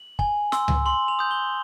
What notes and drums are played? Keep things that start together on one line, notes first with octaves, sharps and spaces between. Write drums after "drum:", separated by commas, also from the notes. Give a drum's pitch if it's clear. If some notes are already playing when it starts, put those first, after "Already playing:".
Already playing: F#7
G#5, drum: kick
C6 E6, drum: snare
drum: tom C#2
C6 F#7
F7
D#6 G6
G7